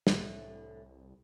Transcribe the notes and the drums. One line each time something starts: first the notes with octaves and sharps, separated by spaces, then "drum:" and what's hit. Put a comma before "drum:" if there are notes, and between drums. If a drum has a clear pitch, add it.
C2 A2 D3 E3, drum: snare